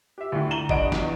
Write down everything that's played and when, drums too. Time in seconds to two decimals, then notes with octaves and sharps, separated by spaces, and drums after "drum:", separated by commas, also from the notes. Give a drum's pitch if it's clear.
0.18 G4 E5
0.32 D2 A2
0.51 A#5 D#7 E7 F#7 G7
0.69 G2 D4 D#5 F#5 D7, drum: kick F#1
0.92 E2 F#3, drum: snare